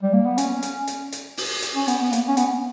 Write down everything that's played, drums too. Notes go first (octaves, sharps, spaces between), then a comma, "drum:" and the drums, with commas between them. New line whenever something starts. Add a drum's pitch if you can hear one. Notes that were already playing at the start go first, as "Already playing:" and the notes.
G3
A#3
B3
C#4, drum: hi-hat
drum: hi-hat
drum: hi-hat
drum: hi-hat
drum: open hi-hat
drum: hi-hat
C#4
B3, drum: hi-hat
B3
A#3, drum: hi-hat
C#4
B3, drum: hi-hat